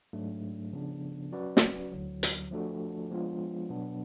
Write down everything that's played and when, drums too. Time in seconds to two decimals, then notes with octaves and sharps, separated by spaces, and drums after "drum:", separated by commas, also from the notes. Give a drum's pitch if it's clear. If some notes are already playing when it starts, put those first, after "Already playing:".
0.13 G#2 F#3 A3 D4
0.73 C#3 F3 B3 D4
1.32 F#3 C#4 F#4 B4 D5
1.57 drum: snare
1.92 D2 D3 F#3
2.23 drum: hi-hat
2.51 F3 A3 D4 F#4 A4
3.11 F3 G#3 B3 D4 F4
3.70 B2 F#3 B3 D4